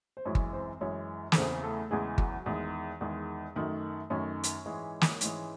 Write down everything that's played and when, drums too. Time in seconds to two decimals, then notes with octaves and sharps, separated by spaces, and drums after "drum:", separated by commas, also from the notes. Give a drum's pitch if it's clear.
0.17 C5
0.25 F#2 E3 G#3 C#4 C#5
0.35 drum: kick G1
0.53 C4 C5
0.81 F#2 E3 G#3 C#4 C#5
1.32 A4, drum: snare
1.35 E2 C#3 E3 C4 C5
1.63 A3 A4
1.91 E2 C#3 E3 G#3 G#4
2.18 F#3 F#4, drum: kick G1
2.46 E2 D#3 G#3
3.01 E2 D#3 G#3
3.56 F#2 D#3 A3
4.10 F#2 D#3 A3 C#4 C#5
4.43 drum: hi-hat
4.66 G#2 E3 G#3
5.01 drum: snare
5.21 G#2 E3 G#3, drum: hi-hat